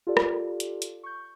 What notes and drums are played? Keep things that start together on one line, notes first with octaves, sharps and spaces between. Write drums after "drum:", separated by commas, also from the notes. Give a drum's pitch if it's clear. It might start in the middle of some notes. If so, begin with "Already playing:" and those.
F4 G4 A4 D5
drum: rim click
drum: hi-hat
drum: hi-hat
C#6 G6